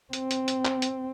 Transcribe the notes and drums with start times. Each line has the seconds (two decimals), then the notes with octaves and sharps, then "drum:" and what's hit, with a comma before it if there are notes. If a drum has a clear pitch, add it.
0.13 C4, drum: hi-hat
0.31 drum: hi-hat
0.48 drum: hi-hat
0.65 drum: clap
0.82 drum: hi-hat